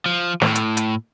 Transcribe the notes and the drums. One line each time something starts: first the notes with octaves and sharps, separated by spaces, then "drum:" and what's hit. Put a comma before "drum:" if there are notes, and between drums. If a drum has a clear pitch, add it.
F3
A2, drum: snare
drum: hi-hat
drum: hi-hat